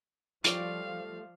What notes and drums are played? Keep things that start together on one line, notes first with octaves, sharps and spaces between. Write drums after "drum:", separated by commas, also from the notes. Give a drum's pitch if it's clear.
F3 G3 A3 F4 C#5 D5 F5 D6, drum: hi-hat